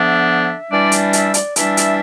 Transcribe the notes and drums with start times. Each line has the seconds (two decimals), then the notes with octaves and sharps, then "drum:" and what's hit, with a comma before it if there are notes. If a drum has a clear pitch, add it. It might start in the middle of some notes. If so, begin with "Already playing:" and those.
Already playing: D3 F3 B3 D4 E5
0.70 E3 G3 D4 D5
0.92 drum: hi-hat
1.13 E5, drum: hi-hat
1.34 D5, drum: hi-hat
1.56 E3 G3 D4 E5, drum: hi-hat
1.77 drum: hi-hat